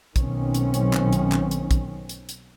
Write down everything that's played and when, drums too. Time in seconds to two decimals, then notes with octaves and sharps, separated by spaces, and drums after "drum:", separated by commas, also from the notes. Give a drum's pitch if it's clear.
0.16 B1 D#3 C4 C#4, drum: kick, hi-hat
0.54 drum: hi-hat
0.74 drum: hi-hat
0.93 drum: clap
1.13 drum: hi-hat
1.32 drum: clap
1.51 drum: hi-hat
1.71 drum: kick, hi-hat
2.09 drum: hi-hat
2.29 drum: hi-hat